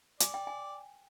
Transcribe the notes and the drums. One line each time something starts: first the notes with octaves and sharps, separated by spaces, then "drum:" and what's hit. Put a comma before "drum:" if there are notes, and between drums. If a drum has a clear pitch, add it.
D5 G#5, drum: hi-hat
G5
G#5